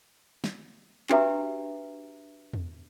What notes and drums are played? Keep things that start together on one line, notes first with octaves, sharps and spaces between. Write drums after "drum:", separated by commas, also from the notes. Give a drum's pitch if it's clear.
drum: snare
D4 F#4 G4 B4 E5 A#5, drum: clap
drum: tom E2